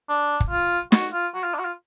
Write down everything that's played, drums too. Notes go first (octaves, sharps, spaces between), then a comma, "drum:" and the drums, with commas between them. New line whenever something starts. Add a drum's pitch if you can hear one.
D4
drum: kick
F4
F#4, drum: snare
F4
F#4
F4
D4
F#4
F4